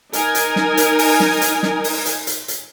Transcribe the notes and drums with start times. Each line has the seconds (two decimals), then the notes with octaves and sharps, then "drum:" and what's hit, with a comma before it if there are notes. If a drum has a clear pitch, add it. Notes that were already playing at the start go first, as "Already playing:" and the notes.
0.13 D#4 A#4 G#5, drum: hi-hat
0.35 drum: hi-hat
0.56 drum: snare
0.77 drum: hi-hat
0.99 drum: open hi-hat
1.20 drum: snare
1.41 drum: hi-hat
1.63 drum: snare
1.84 drum: open hi-hat
2.06 drum: hi-hat
2.27 drum: hi-hat
2.48 drum: hi-hat